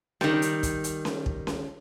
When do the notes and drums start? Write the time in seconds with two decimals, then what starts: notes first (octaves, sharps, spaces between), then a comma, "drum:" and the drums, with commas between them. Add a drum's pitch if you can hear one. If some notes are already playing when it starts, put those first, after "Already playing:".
0.21 D#3 G3, drum: snare C#4
0.42 drum: hi-hat
0.63 drum: kick, hi-hat
0.84 drum: hi-hat
1.05 drum: snare C#4
1.26 drum: kick
1.47 drum: snare C#4